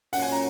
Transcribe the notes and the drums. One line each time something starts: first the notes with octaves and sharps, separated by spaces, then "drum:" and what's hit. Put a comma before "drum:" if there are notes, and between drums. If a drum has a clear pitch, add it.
A#2 F#3 C#4 F#5, drum: open hi-hat
G#5
A#5